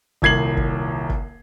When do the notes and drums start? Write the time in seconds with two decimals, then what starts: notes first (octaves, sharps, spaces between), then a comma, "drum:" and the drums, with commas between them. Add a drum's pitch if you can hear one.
0.22 D#1 C2 G#6 C7 F#7, drum: kick G1
0.57 drum: kick G1
1.10 drum: kick G1